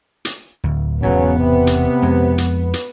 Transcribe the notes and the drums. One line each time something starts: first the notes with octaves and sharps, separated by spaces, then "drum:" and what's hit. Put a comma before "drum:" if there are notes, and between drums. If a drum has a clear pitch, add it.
drum: hi-hat
D1 D2
E1 G#2 C#3 F#3 B3 C#4
C3
drum: hi-hat
F2 G#3
drum: hi-hat
drum: hi-hat